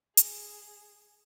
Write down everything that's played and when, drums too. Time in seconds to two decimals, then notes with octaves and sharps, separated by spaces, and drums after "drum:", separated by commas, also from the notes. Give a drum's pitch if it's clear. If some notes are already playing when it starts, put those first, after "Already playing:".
0.17 G#4, drum: hi-hat